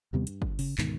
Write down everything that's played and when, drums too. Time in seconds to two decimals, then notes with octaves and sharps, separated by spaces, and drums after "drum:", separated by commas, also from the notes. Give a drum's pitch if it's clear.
0.13 D#2 C3 G3 B3
0.27 G2, drum: hi-hat
0.42 drum: kick
0.59 C#3, drum: open hi-hat
0.78 D2 G#2 B2 D#3, drum: clap